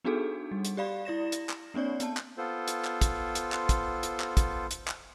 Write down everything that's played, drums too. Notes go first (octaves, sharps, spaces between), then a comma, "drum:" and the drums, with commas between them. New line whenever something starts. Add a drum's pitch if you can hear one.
B3 D4 D#4 F#4 G#4 A4
G3
drum: hi-hat
G4 D5 F5 B5
E4 D5 A#6 E7
drum: hi-hat
drum: clap
A#3 C4 D4 C#5 D5
B3 A5, drum: hi-hat
drum: clap
B3 F4 A4 C5
drum: hi-hat
drum: clap
drum: kick, hi-hat
drum: hi-hat
drum: clap
drum: kick, hi-hat
drum: hi-hat
drum: clap
drum: kick, hi-hat
drum: hi-hat
drum: clap